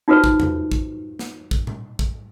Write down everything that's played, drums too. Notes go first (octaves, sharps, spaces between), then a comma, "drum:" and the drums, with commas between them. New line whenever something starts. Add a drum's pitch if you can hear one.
D#4 F4 F#4 A4 B4 C5
drum: kick
drum: tom E2
drum: kick
drum: snare
drum: kick
drum: tom B2
drum: kick